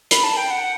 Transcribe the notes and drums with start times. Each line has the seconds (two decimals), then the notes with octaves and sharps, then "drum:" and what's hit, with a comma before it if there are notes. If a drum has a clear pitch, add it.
0.11 B5, drum: hi-hat
0.23 A5
0.36 G5
0.50 F#5